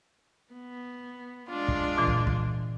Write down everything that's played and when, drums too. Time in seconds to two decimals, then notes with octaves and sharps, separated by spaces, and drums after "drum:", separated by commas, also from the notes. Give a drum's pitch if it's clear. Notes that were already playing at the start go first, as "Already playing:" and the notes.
0.53 B3
1.49 G#3 D4 F4
1.68 drum: kick
1.98 A#2 E3
2.07 drum: kick
2.27 drum: kick